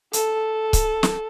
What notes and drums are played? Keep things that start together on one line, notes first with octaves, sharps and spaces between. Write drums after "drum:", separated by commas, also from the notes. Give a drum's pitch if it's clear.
A4, drum: hi-hat
drum: kick C#1, hi-hat
drum: snare